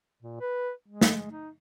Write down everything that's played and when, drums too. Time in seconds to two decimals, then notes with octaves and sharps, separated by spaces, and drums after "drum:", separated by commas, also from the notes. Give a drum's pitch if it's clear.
0.22 A#2
0.41 B4
0.88 G#3
1.01 drum: snare
1.31 D#4